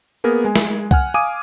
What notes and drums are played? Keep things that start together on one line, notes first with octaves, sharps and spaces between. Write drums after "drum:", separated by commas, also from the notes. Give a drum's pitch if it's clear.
A#3 B3 G#4 A#4
G#3 G#5
drum: snare
F#5 G#5 F6, drum: kick C2
F5 G#5 D6 D#6 D#7